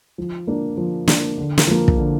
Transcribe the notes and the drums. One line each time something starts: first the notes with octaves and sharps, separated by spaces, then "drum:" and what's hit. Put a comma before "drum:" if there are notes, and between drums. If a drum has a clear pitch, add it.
F3
A#3 D4
F3
A#3 D4, drum: snare
D3
drum: snare
F3 A#3
drum: kick
D3